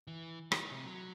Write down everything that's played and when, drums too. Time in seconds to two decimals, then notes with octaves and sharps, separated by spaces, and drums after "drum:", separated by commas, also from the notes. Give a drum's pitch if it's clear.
0.07 E3
0.52 D#4, drum: rim click
0.71 C3
0.86 F#3